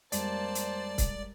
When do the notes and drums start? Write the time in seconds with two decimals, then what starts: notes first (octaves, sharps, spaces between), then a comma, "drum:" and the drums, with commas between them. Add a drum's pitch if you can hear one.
0.12 F2 G3 G#3 A#3 C5 D5 A5, drum: hi-hat
0.55 drum: hi-hat
0.98 drum: kick C#1, hi-hat